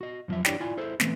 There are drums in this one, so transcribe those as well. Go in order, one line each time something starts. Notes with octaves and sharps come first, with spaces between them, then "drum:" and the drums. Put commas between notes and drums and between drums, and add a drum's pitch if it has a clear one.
F#4 D#5
F2 C#3 F3 F#3 E5
D4 E4 G4 C#5 D5 G5, drum: snare
E4 F4 D5 G#5
E4 G#4 A4 C5
E3 A3 B3 C4, drum: snare